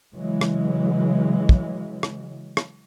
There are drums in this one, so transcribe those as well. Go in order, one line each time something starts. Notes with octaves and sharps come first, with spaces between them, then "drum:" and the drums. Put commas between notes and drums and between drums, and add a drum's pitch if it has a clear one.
C#3 E3 F#3 G#3
drum: rim click
drum: kick
drum: rim click
drum: rim click